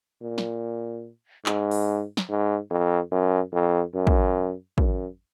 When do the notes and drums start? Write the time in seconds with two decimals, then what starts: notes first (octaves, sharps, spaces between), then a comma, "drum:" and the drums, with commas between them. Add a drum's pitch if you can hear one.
0.22 A#2
0.38 drum: snare
1.46 G#2, drum: clap
1.71 drum: open hi-hat
2.17 drum: snare
2.29 G#2
2.71 F2
3.11 F#2
3.53 F2
3.95 F#2
4.07 drum: kick
4.78 F#2, drum: kick